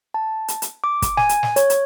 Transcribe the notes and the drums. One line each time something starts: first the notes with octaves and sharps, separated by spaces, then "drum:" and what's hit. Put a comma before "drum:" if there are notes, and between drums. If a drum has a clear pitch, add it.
A5
drum: hi-hat
drum: hi-hat
D6
drum: kick, hi-hat
G#5, drum: snare
drum: hi-hat
drum: snare
C#5, drum: hi-hat
drum: hi-hat